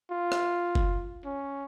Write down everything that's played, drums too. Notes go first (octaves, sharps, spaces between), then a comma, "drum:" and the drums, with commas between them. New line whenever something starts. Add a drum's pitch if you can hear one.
F4
drum: rim click
drum: kick
C#4